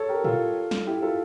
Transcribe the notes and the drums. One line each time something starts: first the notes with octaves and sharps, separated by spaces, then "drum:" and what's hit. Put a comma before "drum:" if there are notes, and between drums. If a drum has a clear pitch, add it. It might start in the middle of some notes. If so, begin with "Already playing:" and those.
Already playing: A4 C#5
G4 A#4
F4 A4, drum: tom A2
drum: snare
E4 G4
F4 A4